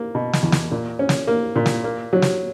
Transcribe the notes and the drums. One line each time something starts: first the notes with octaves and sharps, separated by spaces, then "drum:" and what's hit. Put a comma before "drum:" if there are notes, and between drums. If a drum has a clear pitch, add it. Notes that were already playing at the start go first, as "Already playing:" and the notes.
Already playing: A#3
B2
drum: snare
E2
drum: snare
A#2
C#4
drum: snare
A#3
A#2
drum: snare
A#3
F#3
drum: snare